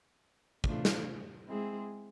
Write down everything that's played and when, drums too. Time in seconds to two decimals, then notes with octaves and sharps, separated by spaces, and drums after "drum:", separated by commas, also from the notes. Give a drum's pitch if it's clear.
0.64 C3 E3 A3 D4 F4, drum: kick
0.85 drum: snare
1.47 G#3 C4 E4 G#4